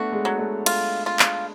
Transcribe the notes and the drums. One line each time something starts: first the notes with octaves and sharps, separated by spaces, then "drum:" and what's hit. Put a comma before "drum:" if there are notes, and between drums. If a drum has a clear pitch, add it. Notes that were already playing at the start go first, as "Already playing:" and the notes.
Already playing: A3 B3 D4 F#4
G#3
F#3
A3
F4, drum: cymbal
F4
drum: clap